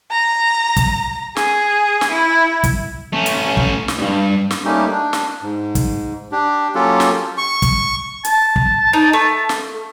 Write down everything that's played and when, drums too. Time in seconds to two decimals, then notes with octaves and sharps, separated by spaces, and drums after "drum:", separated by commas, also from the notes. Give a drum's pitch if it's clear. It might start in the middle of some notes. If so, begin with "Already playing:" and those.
0.11 A#5
0.77 drum: kick, hi-hat
1.36 G#4, drum: snare
2.01 drum: snare
2.11 E4
2.64 drum: kick, hi-hat
3.13 A3 C#4
3.26 drum: hi-hat
3.57 drum: kick
3.88 drum: snare
3.99 C#2 G2
4.51 drum: snare
4.65 G3 A3 A#3 C#4 D#4 G4
4.91 D4
5.13 drum: snare
5.42 G#2
5.75 drum: kick, hi-hat
6.32 D4 G4
6.75 F#3 A#3 C#4 F4 G4 A4
7.00 drum: snare
7.38 C#6
7.62 drum: kick, hi-hat
8.25 A5, drum: hi-hat
8.56 drum: kick
8.93 D#4
9.13 A3
9.49 drum: snare